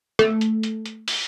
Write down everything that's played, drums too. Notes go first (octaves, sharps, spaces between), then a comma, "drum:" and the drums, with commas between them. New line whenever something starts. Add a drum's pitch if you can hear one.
A3, drum: rim click
drum: hi-hat
drum: hi-hat
drum: hi-hat
drum: open hi-hat